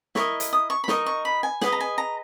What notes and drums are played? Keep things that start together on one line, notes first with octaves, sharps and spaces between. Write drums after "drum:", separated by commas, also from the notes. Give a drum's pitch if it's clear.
E4 A#4 D#5 C#6, drum: snare
drum: hi-hat
D#6
C#6
B5
D#4 A#4 D#5 C#6, drum: snare
C#6
B5
G#5
G#4 B4 D#5 F#5, drum: snare
A#5
G#5
A#5